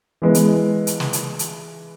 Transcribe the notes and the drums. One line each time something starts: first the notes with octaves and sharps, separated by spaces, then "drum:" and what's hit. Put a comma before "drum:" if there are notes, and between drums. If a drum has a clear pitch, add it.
E3 G#3 B3
drum: hi-hat
drum: hi-hat
drum: snare
drum: hi-hat
drum: hi-hat